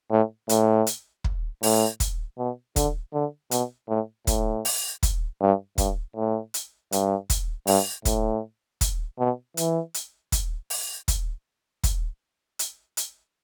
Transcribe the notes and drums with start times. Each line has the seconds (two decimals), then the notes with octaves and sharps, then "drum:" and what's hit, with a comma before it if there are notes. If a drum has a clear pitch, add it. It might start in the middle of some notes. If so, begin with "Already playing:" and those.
0.11 A2
0.49 A2, drum: hi-hat
0.87 drum: hi-hat
1.24 drum: kick
1.63 A2, drum: open hi-hat
2.00 drum: kick, hi-hat
2.38 B2
2.76 D3, drum: kick, hi-hat
3.14 D3
3.51 B2, drum: hi-hat
3.89 A2
4.27 A2, drum: kick, hi-hat
4.65 drum: open hi-hat
5.03 drum: kick, hi-hat
5.41 G2
5.78 G2, drum: kick, hi-hat
6.16 A2
6.54 drum: hi-hat
6.92 G2, drum: hi-hat
7.30 drum: kick, hi-hat
7.67 G2, drum: open hi-hat
8.05 A2, drum: kick, hi-hat
8.81 drum: kick, hi-hat
9.19 B2
9.57 E3, drum: hi-hat
9.94 drum: hi-hat
10.32 drum: kick, hi-hat
10.70 drum: open hi-hat
11.08 drum: kick, hi-hat
11.84 drum: kick, hi-hat
12.59 drum: hi-hat
12.97 drum: hi-hat